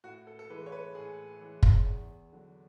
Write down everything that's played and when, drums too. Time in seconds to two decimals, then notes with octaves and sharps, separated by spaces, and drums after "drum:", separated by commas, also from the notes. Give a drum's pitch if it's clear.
0.04 A2 F#4
0.27 A4
0.39 A4
0.50 E3 G#3 B4
0.66 C#5
0.72 B4
0.95 A2 G#4
1.41 E3 G#3
1.63 drum: kick
1.86 E2
2.33 D3 F#3